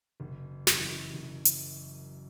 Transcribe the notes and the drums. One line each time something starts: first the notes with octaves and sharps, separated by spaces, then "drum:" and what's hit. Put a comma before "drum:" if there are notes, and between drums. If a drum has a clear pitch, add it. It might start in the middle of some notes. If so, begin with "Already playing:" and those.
F#1
F#2 E3, drum: snare
F#1
drum: hi-hat